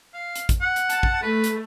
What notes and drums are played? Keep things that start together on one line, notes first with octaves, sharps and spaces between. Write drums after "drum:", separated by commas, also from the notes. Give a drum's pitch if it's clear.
F5
drum: hi-hat
drum: kick, hi-hat
F#5
drum: hi-hat
A5, drum: hi-hat
drum: kick
A3 B4
drum: hi-hat